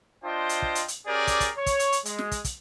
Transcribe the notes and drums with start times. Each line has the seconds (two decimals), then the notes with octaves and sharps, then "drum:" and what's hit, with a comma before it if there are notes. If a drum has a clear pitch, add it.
0.24 D4 F4 C5 D#5 G5 C6
0.49 drum: hi-hat
0.62 drum: kick
0.75 drum: hi-hat
0.88 drum: hi-hat
1.07 C#4 G4 G#4 A#4 D5
1.27 drum: kick, hi-hat
1.40 drum: kick, hi-hat
1.57 C#5
1.66 drum: kick, hi-hat
1.79 drum: hi-hat
1.92 drum: hi-hat
2.05 G#3, drum: hi-hat
2.18 drum: snare
2.31 drum: kick, hi-hat
2.44 drum: kick, hi-hat